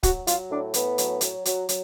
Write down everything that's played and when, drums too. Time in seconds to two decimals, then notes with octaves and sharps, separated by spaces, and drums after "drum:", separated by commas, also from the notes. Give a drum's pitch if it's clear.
0.03 F#3 F#4, drum: kick, hi-hat
0.27 F#3 F4, drum: hi-hat
0.50 A2 D4
0.74 A2 B3, drum: hi-hat
0.98 F#3, drum: hi-hat
1.21 F#3, drum: hi-hat
1.45 F#3, drum: hi-hat
1.69 F#3, drum: hi-hat